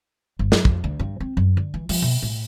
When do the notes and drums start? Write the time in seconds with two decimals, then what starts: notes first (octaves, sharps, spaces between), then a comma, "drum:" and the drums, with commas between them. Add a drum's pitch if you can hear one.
0.39 G1
0.52 F#3, drum: snare
0.65 F2, drum: kick
0.84 D2
0.99 G2
1.20 C4
1.37 F#2
1.57 D3
1.74 E3
1.89 F3, drum: open hi-hat
2.02 B2
2.22 A2